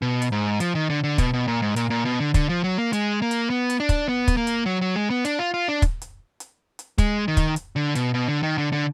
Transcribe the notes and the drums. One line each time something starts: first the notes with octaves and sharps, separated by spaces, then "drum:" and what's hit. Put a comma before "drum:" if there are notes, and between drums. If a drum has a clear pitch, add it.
B2
drum: hi-hat
G#2
F3, drum: hi-hat
D#3
D3
D3
B2, drum: kick, hi-hat
B2
A#2
G#2
A#2, drum: hi-hat
A#2
B2
D3
D3, drum: kick, hi-hat
F3
F#3
A#3
G#3, drum: hi-hat
A#3
drum: hi-hat
B3
drum: hi-hat
D4
drum: kick, hi-hat
B3
drum: kick, hi-hat
A#3
drum: hi-hat
F#3
F#3
G#3
B3
D4, drum: hi-hat
F4
F4
D4
drum: kick, hi-hat
drum: hi-hat
drum: hi-hat
drum: hi-hat
G#3, drum: kick, hi-hat
D#3
drum: kick, hi-hat
drum: hi-hat
D3
B2, drum: hi-hat
B2
D3
D#3
D3
D3